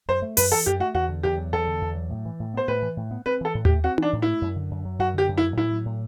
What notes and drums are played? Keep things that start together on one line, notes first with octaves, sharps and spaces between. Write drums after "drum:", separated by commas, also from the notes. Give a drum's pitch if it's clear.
F#2 C5
A3
F#2 B4, drum: open hi-hat
E3 A4
F#2 G4
A3 F#4
E2 F#4
D3
E2 G4
F#3
E2 A4
D3
E2
F#3
A2
E3
A2
B3 C5
A2 B4
E3
A2
B3
C4 B4
E3 A4
A2
G4, drum: tom D#2
A3
C4 F#4
E3 D4, drum: tom D#4
A2
A3 E4
F#2
D3
F#2
F#3
F#2 F#4
D3 G4
F#2
E4
F#3
A2 E4
F#3
A2